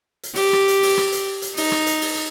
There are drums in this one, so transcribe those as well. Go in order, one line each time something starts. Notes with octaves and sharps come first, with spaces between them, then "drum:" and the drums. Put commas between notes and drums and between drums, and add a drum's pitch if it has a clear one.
drum: hi-hat
G4, drum: open hi-hat
drum: rim click
drum: hi-hat
drum: open hi-hat
drum: rim click
drum: hi-hat
drum: hi-hat
D#4, drum: open hi-hat
drum: rim click
drum: hi-hat
drum: open hi-hat